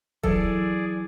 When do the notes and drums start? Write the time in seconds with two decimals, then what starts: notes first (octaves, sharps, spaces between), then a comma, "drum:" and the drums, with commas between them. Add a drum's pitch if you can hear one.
0.23 E3 F#3 G#4 A4 D5 E6, drum: kick D#1